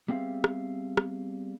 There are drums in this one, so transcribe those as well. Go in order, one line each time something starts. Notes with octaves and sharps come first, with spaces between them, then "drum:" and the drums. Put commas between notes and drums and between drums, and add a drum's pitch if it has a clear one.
G3 B3 C4 G#4 E5 F5
drum: rim click
drum: rim click